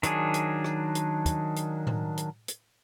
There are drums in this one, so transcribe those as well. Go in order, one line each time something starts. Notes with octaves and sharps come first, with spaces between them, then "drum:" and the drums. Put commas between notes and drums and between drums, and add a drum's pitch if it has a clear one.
D#3 F#3 D4 G#4, drum: hi-hat
drum: hi-hat
drum: rim click
drum: hi-hat
drum: kick, hi-hat
drum: hi-hat
drum: tom A2
drum: hi-hat
drum: hi-hat